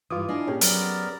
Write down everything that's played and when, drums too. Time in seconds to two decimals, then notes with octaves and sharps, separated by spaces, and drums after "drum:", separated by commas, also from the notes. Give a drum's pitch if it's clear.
0.10 G2 E3 F4 D6 D#6
0.28 D4 E4 D#5 F5 G#5
0.47 A#2 C#4 G4 G#4
0.61 F#3 B3 A#4 D5, drum: hi-hat